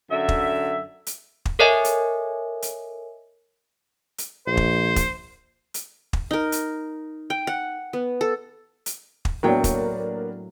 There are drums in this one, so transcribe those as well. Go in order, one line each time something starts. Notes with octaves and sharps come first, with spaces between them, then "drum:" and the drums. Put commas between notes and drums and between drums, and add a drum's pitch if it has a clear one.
F#2 D3 E5
drum: kick
drum: hi-hat
drum: kick
A4 A#4 C#5 D#5 E5 G#5
drum: hi-hat
drum: hi-hat
drum: hi-hat
A#1 C5
drum: kick
drum: kick, hi-hat
drum: hi-hat
drum: kick
D#4 A#4
drum: hi-hat
G5
F#5
B3
A4
drum: hi-hat
drum: kick
A2 F#3 A#3 B3 D4 G5
drum: kick, hi-hat